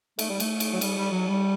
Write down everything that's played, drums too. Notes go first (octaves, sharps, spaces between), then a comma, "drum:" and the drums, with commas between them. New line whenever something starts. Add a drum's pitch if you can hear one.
A3, drum: cymbal
G3
A3, drum: cymbal
drum: cymbal
F#3
G3, drum: cymbal
G3
F#3
G3